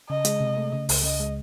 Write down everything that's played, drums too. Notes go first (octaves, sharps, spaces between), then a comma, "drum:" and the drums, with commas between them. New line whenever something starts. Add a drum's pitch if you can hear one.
C#3 D#5
G#3, drum: hi-hat
C3
A3
C#3
C#2, drum: open hi-hat
C#3 D#5
G#3